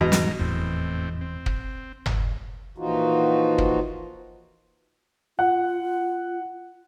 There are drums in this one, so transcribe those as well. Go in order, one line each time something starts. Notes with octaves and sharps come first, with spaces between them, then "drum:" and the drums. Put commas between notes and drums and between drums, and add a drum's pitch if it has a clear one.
E1 G#2 B2 E3 A#5
drum: snare
F1 E2 A2 C4
C4
drum: kick
drum: tom G1
A#2 E3 F3 D#4 F4 F#4
drum: kick
F4 F#5